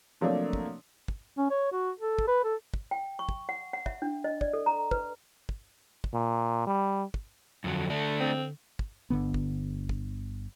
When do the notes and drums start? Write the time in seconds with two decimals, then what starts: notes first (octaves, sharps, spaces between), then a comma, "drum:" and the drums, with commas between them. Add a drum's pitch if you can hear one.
0.21 C3 F3 F#3 A3 A#3 D4
0.53 drum: kick
1.08 drum: kick
1.38 C#4
1.50 C#5
1.72 F#4
2.00 A4
2.19 drum: kick
2.28 B4
2.44 A4
2.74 drum: kick
2.91 G5
3.19 C#6
3.29 drum: kick
3.49 F#5
3.73 F#5
3.86 E5, drum: kick
4.02 D4
4.24 D#5
4.41 D5, drum: kick
4.53 A4
4.66 A#5
4.91 B4, drum: kick
5.49 drum: kick
6.04 drum: kick
6.13 A#2
6.67 G3
7.14 drum: kick
7.64 F2 D3 F#3
7.90 A3 D4
8.21 C4
8.79 drum: kick
9.10 G1 D3 B3
9.34 drum: kick
9.89 drum: kick